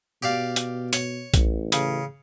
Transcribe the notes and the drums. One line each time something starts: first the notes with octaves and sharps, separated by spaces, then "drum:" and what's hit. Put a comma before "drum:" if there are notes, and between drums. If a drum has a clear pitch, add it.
B2 G4 D5 F5
drum: hi-hat
C#5, drum: hi-hat
A1, drum: kick B1, hi-hat
C#3, drum: hi-hat